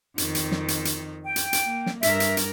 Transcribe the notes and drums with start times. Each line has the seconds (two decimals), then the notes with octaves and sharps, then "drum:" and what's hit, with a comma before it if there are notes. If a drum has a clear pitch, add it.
0.18 F2 D#3, drum: hi-hat
0.35 drum: hi-hat
0.52 drum: snare
0.68 drum: hi-hat
0.85 drum: hi-hat
1.25 G5
1.36 drum: hi-hat
1.53 drum: hi-hat
1.64 A#3
1.86 drum: snare
2.03 G2 A#4 E5, drum: hi-hat
2.20 drum: hi-hat
2.37 drum: hi-hat